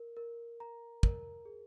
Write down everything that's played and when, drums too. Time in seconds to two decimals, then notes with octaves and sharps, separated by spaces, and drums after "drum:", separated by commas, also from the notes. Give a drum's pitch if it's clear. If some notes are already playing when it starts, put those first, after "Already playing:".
Already playing: A#4
0.17 A#4
0.60 A#5
1.03 A#4, drum: kick
1.45 G#4